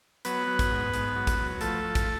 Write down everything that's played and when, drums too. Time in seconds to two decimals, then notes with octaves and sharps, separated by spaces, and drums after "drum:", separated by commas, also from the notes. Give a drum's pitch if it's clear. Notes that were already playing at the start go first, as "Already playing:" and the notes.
0.25 F#3 B3 B4, drum: hi-hat
0.47 F#3
0.59 drum: kick, hi-hat
0.71 G#2
0.93 G#2, drum: hi-hat
1.16 F#3
1.27 drum: kick, hi-hat
1.39 F#3
1.61 F3 A3 A4, drum: hi-hat
1.84 F3
1.95 drum: kick, hi-hat